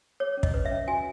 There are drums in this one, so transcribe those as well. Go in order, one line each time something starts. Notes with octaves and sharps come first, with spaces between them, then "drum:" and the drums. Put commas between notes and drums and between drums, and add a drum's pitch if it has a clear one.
G#4 C#5
C#4
D#5, drum: kick
B4
E5
C#4
F#4 G#5